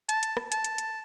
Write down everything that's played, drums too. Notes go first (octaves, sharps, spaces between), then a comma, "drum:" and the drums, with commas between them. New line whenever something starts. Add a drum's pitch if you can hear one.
A5, drum: hi-hat
drum: hi-hat
drum: rim click
A5, drum: hi-hat
drum: hi-hat
drum: hi-hat